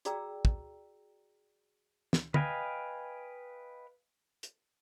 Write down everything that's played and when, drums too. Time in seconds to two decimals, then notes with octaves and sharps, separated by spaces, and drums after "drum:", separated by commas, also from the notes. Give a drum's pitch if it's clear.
0.05 F#4 G#4 D5 G5 A#5 E6, drum: hi-hat
0.45 drum: kick
2.13 drum: snare
2.34 B4 D#5 F5 G5 G#5, drum: tom
4.43 drum: hi-hat